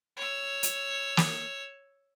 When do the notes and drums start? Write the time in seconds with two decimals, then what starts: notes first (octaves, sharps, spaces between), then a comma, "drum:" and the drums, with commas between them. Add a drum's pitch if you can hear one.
0.17 C#5 E6
0.63 drum: hi-hat
1.17 drum: snare